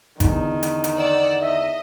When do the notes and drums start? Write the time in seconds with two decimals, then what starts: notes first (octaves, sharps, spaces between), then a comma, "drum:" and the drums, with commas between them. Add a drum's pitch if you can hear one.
0.20 E2 D3 D#3, drum: kick G#1, hi-hat
0.63 drum: hi-hat
0.84 drum: hi-hat
0.98 D5 F#5 E6
1.42 D#5 E5